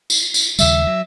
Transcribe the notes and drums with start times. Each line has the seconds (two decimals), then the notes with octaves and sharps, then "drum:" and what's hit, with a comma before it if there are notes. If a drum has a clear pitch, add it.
0.10 drum: tambourine
0.34 drum: tambourine
0.59 D#2 C#3 G3 E5, drum: tambourine
0.87 F#3